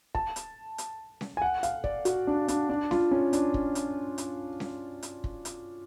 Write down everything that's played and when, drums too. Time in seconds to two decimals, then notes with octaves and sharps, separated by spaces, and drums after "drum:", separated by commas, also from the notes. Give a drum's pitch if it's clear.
0.15 A5, drum: kick
0.36 drum: hi-hat
0.78 drum: hi-hat
1.21 drum: snare C#4
1.37 G#5
1.42 F#5
1.63 F5, drum: hi-hat
1.84 D5, drum: kick
2.05 F#4, drum: hi-hat
2.27 D4
2.48 D4, drum: hi-hat
2.69 D4
2.91 F4, drum: snare C#4
3.11 C#4
3.33 D4, drum: hi-hat
3.54 drum: kick
3.75 drum: hi-hat
4.18 drum: hi-hat
4.60 drum: snare C#4
5.03 drum: hi-hat
5.24 drum: kick
5.45 drum: hi-hat